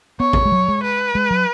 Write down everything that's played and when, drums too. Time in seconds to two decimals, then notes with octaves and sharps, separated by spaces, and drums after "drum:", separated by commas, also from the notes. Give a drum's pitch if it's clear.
0.20 B3 C#5
0.33 drum: kick A1
0.45 G#3
0.52 F#3
0.68 G#3
0.83 B4
1.15 G#3
1.31 F#3